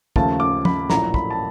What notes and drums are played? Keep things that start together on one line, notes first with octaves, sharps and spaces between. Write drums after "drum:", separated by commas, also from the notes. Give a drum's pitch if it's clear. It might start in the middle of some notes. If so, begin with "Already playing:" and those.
D#2 C#3 F3 A3 A5, drum: kick
D6
B5, drum: tom
A#1 A2 F#3 A#3 A#5, drum: snare
B5, drum: kick
A5